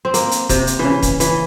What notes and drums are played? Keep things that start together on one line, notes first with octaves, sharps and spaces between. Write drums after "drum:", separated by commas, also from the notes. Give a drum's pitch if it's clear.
C4
A#3, drum: hi-hat
drum: hi-hat
C3, drum: kick, hi-hat
drum: hi-hat
C#3 E3
drum: kick, hi-hat
E3, drum: hi-hat